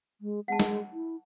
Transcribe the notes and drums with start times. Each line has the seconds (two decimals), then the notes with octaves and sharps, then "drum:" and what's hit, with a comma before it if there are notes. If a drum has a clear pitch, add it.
0.21 G#3
0.48 G#3 F#5 A5
0.60 drum: snare
0.93 E4